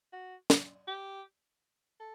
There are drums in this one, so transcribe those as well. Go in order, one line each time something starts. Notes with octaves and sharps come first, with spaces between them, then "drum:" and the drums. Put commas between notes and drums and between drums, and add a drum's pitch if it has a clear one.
F#4
drum: snare
G4
A4